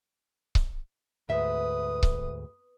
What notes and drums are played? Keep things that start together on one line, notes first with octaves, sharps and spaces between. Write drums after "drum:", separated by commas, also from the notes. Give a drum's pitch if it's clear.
drum: kick C#1
D2 G#2 B4 E5 D#6
drum: kick C#1